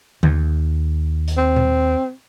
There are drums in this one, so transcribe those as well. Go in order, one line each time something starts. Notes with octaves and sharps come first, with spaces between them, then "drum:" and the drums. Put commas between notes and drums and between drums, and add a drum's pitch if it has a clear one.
D#2, drum: tom D3
drum: hi-hat
C4
drum: tom A#2